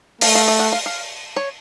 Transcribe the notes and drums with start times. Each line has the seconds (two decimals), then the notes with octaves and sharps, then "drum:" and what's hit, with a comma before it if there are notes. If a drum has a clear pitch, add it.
0.21 A3 F5, drum: open hi-hat
0.35 F5
0.48 E5
0.59 F#5
0.72 F5
0.86 F5
1.36 C#5